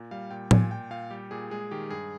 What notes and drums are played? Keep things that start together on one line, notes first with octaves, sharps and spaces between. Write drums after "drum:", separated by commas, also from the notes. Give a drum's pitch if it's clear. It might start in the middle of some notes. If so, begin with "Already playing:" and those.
Already playing: A#2
G3 F5
A#2 G5
A#2 G#5, drum: tom A2
A#2 G5
A#2 F5
G3 G4
A#2 G#4
G#3 G#4
D#3 G4
G2 G#4